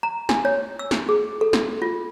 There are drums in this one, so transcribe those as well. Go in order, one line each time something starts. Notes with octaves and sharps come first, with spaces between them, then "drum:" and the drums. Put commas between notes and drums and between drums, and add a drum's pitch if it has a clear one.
A#5
G#5, drum: snare
C#5
E6
drum: snare
G#4
A4
drum: snare
F4